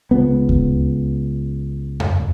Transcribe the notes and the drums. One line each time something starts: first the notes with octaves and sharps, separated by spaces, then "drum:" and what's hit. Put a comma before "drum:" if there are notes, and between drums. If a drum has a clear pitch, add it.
C#2 B3
drum: kick D2
drum: tom F2